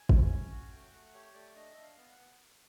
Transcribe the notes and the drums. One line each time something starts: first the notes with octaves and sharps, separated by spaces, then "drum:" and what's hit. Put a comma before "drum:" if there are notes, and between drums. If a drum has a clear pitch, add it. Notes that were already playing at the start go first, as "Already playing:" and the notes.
Already playing: G#5
C#4, drum: kick
C#4
F#4
A3 G5
A3 F#5
G4 C#5
A3 D5
D4 D#5
D4 E5
F5
B3
F#5
B3